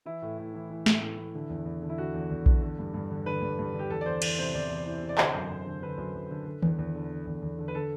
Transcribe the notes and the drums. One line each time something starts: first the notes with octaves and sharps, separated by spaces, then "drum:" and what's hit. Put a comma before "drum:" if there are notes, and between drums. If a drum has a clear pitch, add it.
E3 E4
A2
A2
E3
E3
A2, drum: snare
A2
E3
D3
E2
E2
D3
E4
D3 F#4
E2
E2
D3, drum: kick A#1
D3
G2
G2
D3
D3 B4
G2
G2
D3
G4
E2 A4
D5
E2 C5
E3 D5, drum: cymbal
C3 C5
E2 D5
E2
E3
C3
D5
D3 C5, drum: clap
F#2
F#2
D3
D3 B4
F#2
F#2
D3
D3
E2, drum: tom D#3
E2
D3
D3
E2
E2
D3
B4
D3 A4